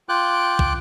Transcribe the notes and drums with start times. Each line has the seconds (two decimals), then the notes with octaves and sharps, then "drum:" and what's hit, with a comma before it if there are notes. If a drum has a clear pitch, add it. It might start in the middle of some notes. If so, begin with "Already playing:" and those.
0.09 F4 G5 D6 F#6
0.59 drum: kick